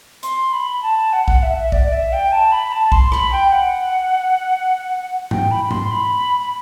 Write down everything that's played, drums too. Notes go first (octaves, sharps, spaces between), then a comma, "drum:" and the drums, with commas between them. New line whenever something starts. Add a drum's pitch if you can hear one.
C6, drum: hi-hat
B5
A5
F#5
F#5, drum: kick B1
E5
E5
D5, drum: kick B1
E5
G5
A5
B5
A5
C6, drum: kick B1
B5, drum: rim click
G5
F#5
G5, drum: tom G#2
B5
C6, drum: tom G#2
B5
B5